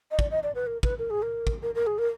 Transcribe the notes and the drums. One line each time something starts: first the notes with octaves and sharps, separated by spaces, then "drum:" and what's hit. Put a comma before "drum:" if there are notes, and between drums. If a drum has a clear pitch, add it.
D#5
D5, drum: kick
D#5
D5
B4
A#4
B4, drum: kick
A#4
G#4
A#4
drum: kick
A#4
A#4
G#4
A#4